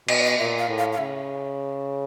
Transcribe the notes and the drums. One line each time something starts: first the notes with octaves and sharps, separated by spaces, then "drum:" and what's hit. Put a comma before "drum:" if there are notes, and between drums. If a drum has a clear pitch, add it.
B2 D#5, drum: cymbal
D5
D#5
A#2 E5
F5
A2
F5
F5
C#3 E5